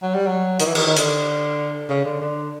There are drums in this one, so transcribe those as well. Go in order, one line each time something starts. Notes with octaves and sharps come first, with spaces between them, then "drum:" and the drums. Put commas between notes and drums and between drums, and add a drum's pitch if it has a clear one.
F#3
G3
F#3
D#3, drum: hi-hat
E3
D#3, drum: cymbal
D#3
D3, drum: hi-hat
C#3
D3
D3